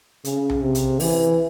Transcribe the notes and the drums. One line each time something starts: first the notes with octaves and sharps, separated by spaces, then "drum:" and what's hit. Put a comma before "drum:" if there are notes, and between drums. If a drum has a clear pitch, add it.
C#3, drum: hi-hat
drum: tom B1
C3
drum: hi-hat
E3, drum: open hi-hat